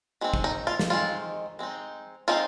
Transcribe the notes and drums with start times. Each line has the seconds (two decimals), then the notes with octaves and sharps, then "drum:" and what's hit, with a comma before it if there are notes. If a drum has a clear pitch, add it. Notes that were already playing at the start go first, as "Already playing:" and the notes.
0.21 D#3 G#3 C4
0.33 drum: kick
0.44 D#4
0.67 F4
0.79 drum: snare
0.90 D#3 G#3 C4 F4
1.59 G#3 C4 D#4
2.28 G#3 C4 D#4 F4